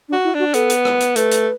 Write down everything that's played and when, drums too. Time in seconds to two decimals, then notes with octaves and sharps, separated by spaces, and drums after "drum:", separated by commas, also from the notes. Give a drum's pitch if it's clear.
0.09 D4
0.13 F#4
0.24 E4
0.34 D4 F#4
0.54 B3 A4, drum: hi-hat
0.70 drum: hi-hat
0.85 drum: rim click
1.00 drum: hi-hat
1.16 A3 B4, drum: hi-hat
1.31 drum: hi-hat